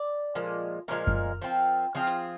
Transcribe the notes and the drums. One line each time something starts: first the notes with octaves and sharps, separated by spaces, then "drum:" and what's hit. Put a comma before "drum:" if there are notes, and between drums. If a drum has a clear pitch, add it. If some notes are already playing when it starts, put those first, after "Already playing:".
Already playing: D5
A#2 F3 G#3
A#2 F3 G#3 A#4
drum: kick F#2
F3 C4 F4
F3 C4 F4 G#4
drum: hi-hat